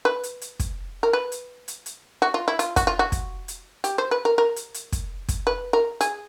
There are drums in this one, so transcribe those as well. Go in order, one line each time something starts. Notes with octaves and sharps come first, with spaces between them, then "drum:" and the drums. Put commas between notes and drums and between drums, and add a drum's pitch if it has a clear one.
B4
drum: hi-hat
drum: hi-hat
drum: kick, hi-hat
A#4
B4
drum: hi-hat
drum: hi-hat
drum: hi-hat
F#4
F4
E4
F4, drum: hi-hat
F#4, drum: kick, hi-hat
F4
F#4
drum: kick, hi-hat
drum: hi-hat
G4, drum: hi-hat
C5
B4
A#4
A#4
drum: hi-hat
drum: hi-hat
drum: kick, hi-hat
drum: kick, hi-hat
B4
A#4
G#4, drum: hi-hat